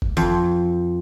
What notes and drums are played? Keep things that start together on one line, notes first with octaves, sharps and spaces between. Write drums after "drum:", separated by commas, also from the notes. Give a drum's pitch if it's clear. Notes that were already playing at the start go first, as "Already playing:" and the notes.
drum: kick F#1
F2, drum: tambourine